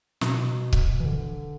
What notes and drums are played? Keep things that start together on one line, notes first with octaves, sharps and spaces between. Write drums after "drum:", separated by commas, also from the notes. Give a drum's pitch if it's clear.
B2, drum: snare
drum: kick C#1
E3
D3